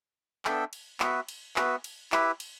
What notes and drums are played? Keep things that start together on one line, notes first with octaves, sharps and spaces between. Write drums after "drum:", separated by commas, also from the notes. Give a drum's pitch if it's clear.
B3 D4 A4 E5 G5, drum: clap
drum: cymbal
B3 F#4 B4 E5, drum: clap
drum: cymbal
B3 F#4 B4 E5, drum: clap
drum: cymbal
E4 G4 B4 E5, drum: clap
drum: cymbal